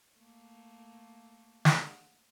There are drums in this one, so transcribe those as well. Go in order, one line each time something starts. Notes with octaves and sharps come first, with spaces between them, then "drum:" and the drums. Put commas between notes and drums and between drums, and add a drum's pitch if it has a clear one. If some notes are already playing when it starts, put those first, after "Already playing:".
A3 A#3
drum: snare